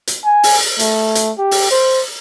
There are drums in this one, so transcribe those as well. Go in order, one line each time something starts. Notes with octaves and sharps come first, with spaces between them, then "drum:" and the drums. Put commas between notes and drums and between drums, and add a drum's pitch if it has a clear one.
drum: hi-hat
G#5
drum: open hi-hat
A3, drum: hi-hat
drum: hi-hat
G4
drum: open hi-hat
C5